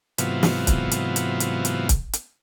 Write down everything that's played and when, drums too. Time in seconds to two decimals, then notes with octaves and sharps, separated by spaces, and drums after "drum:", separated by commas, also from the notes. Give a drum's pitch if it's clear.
0.18 G#2 C3 E3 F#3 B3 F4, drum: hi-hat
0.43 drum: snare
0.67 drum: kick, hi-hat
0.91 drum: hi-hat
1.16 drum: hi-hat
1.40 drum: hi-hat
1.65 drum: hi-hat
1.89 drum: kick, hi-hat
2.13 drum: hi-hat